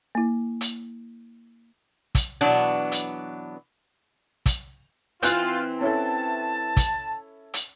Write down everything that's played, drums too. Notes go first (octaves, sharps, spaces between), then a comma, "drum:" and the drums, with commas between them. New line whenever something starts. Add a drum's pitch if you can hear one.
A#3 E4
drum: hi-hat
drum: kick, hi-hat
B2 E3 F#3 B3 D4 F#5
drum: hi-hat
drum: kick, hi-hat
E3 C4 F4 F#6 G6, drum: hi-hat
C#4 E4 A4 A5
drum: kick, hi-hat
drum: hi-hat